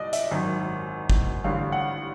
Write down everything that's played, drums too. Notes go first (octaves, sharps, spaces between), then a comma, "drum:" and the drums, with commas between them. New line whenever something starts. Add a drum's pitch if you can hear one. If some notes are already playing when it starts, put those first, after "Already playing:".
Already playing: C2 D5 D#5
E5, drum: hi-hat
G#1 F#2 D#3
drum: kick G#1
A1 G2 D3 F5
F#5